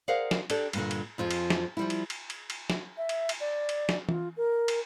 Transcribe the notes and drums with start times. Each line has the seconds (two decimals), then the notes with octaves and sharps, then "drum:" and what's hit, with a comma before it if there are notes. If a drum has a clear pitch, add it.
0.08 G#4 A#4 C5 D5 F5 F#5
0.31 drum: snare
0.50 D4 G4 A4 D5, drum: cymbal
0.73 G2 A#2 D3, drum: cymbal
0.91 drum: cymbal
1.18 F2 F3 F4 G#4
1.31 drum: cymbal
1.50 drum: snare
1.77 F3 G3 E4
1.90 drum: cymbal
2.10 drum: cymbal
2.30 drum: cymbal
2.50 drum: cymbal
2.70 drum: snare
2.98 E5
3.09 drum: cymbal
3.29 drum: cymbal
3.40 D5
3.69 drum: cymbal
3.89 drum: snare
4.09 F4, drum: tom E3
4.37 A#4
4.68 drum: cymbal